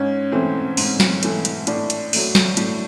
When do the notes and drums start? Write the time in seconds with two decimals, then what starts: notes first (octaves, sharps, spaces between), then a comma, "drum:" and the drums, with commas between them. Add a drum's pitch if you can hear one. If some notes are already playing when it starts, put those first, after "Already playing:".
Already playing: G#2 C#4
0.32 E3 A3 C4
0.77 G#2, drum: open hi-hat
1.00 drum: snare
1.23 E3 A3, drum: hi-hat
1.45 drum: hi-hat
1.67 A2 D4, drum: hi-hat
1.90 drum: hi-hat
2.13 F#3 A3, drum: open hi-hat
2.35 drum: snare
2.57 A2, drum: hi-hat